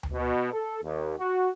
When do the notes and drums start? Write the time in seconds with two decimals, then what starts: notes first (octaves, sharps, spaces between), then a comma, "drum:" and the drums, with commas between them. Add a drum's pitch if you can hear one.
0.03 drum: tom D2
0.13 B2
0.52 A4
0.83 D#2
1.18 F#4